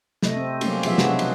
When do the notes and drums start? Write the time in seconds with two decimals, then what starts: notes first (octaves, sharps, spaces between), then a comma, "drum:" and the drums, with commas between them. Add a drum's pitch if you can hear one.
0.23 C3 A3 D#5, drum: snare
0.37 C4
0.61 F#3 G3 A3 A#3 C#4 G4, drum: cymbal
0.83 B2 F3 F#3 B3 G#4 E5, drum: cymbal
0.98 C3 F#3 G#3 B3 D4 F#4, drum: snare
1.19 drum: cymbal